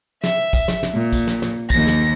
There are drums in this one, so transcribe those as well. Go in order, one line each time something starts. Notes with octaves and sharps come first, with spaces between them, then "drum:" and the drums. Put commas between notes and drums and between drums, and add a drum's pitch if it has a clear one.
E5, drum: snare
drum: kick, tambourine
drum: snare
drum: snare
A#2
drum: kick, tambourine
drum: snare
drum: snare
D#2 A#6, drum: kick, tambourine
drum: snare